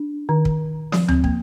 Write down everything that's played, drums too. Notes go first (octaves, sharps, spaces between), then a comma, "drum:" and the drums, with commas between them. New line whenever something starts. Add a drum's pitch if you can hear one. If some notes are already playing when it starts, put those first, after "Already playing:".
Already playing: D4
D#3
drum: kick
F3, drum: snare
C4, drum: tom D2
A#3, drum: kick